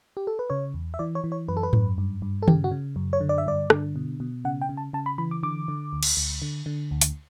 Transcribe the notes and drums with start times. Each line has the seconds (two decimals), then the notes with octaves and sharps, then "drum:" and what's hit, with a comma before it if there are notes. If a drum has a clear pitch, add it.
0.17 G4
0.27 A4
0.39 B4
0.50 C#3 C#5
0.74 E2
0.94 E5
0.99 E3 D5
1.15 C#5
1.24 E3
1.32 C#5
1.48 F#2 B4
1.57 A4
1.63 B4
1.73 F#2, drum: tom G#2
1.98 G2
2.22 G2
2.43 A4
2.48 C#3 G4, drum: tom
2.64 F#4
2.71 C#3
2.96 F#2
3.13 C#5
3.21 D3
3.29 D5
3.38 E5
3.46 G2 D5
3.70 D3, drum: rim click
3.96 B2
4.20 B2
4.45 C#3 F#5
4.61 G5
4.69 C#3
4.77 A5
4.93 C#3 A5
5.06 B5
5.18 E3 B5
5.31 D6
5.43 D3 D6
5.68 D3
5.93 D2
6.03 drum: cymbal
6.17 D2
6.42 D3
6.66 D3
6.91 D2
7.01 drum: hi-hat